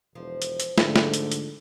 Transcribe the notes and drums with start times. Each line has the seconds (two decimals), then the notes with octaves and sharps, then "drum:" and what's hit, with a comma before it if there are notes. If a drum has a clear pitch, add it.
0.15 E1 F3
0.42 drum: hi-hat
0.60 drum: hi-hat
0.78 G#2 D3 A3, drum: snare
0.96 drum: snare
1.14 drum: hi-hat
1.32 drum: hi-hat